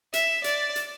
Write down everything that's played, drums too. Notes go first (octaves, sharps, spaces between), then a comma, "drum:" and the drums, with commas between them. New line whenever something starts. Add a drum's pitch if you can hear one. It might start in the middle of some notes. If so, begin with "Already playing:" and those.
E5, drum: hi-hat
D5, drum: hi-hat
drum: hi-hat